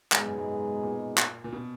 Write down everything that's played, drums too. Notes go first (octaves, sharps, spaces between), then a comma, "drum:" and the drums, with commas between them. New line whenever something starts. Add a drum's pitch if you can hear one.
G#2 B2 G#3 B3 D#4 G#4, drum: clap
F#2
G#2
A#2
drum: clap
A#2
B2